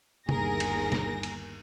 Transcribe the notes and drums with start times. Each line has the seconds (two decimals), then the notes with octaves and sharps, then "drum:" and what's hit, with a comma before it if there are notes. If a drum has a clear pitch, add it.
0.29 G1 D#2 G#4 A#4 A#6, drum: tom C3
0.60 drum: cymbal
0.92 drum: snare
1.23 drum: cymbal